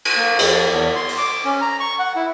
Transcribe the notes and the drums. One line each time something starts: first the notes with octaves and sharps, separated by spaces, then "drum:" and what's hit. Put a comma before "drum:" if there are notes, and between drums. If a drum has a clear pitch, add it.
drum: cymbal
A#3
F2, drum: cymbal
E2
C6
drum: open hi-hat
D6
C#4
A#5
C#6
F#5
E4